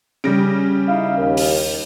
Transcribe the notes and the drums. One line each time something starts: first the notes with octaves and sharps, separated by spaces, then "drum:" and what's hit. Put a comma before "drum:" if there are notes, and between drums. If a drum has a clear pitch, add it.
C#3 G3 A#6 D7
D#4 E4 F5
D#2
drum: open hi-hat